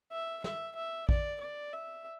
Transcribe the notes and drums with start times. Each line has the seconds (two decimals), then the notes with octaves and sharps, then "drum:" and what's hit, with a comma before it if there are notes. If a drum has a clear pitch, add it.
0.12 E5
0.44 E5, drum: snare
0.76 E5
1.09 D5, drum: kick A1
1.41 D5
1.73 E5